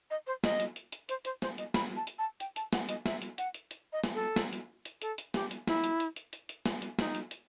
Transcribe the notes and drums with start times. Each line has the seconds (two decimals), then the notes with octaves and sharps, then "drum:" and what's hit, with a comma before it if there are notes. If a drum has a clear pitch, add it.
0.10 D#5
0.27 C5
0.44 D#5, drum: snare
0.60 drum: hi-hat
0.76 drum: hi-hat
0.92 drum: hi-hat
1.09 C5, drum: hi-hat
1.25 C5, drum: hi-hat
1.42 C5, drum: snare
1.58 D#5, drum: hi-hat
1.74 B5, drum: snare
1.96 A5
2.07 drum: hi-hat
2.19 A5
2.40 G5, drum: hi-hat
2.56 A5, drum: hi-hat
2.73 F#5, drum: snare
2.89 D#5, drum: hi-hat
3.06 E5, drum: snare
3.22 drum: hi-hat
3.38 F#5, drum: hi-hat
3.54 drum: hi-hat
3.71 drum: hi-hat
3.93 D#5
4.04 drum: snare
4.15 A4
4.36 drum: snare
4.53 drum: hi-hat
4.85 drum: hi-hat
5.02 A4, drum: hi-hat
5.18 drum: hi-hat
5.34 G4, drum: snare
5.51 drum: hi-hat
5.67 E4, drum: snare
5.84 drum: hi-hat
6.00 drum: hi-hat
6.16 drum: hi-hat
6.33 drum: hi-hat
6.49 drum: hi-hat
6.66 drum: snare
6.82 drum: hi-hat
6.99 D#4, drum: snare
7.15 drum: hi-hat
7.31 drum: hi-hat